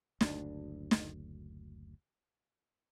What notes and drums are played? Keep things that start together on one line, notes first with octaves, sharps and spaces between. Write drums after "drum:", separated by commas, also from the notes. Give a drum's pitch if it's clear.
F#1 D2 C4 D4, drum: snare
drum: snare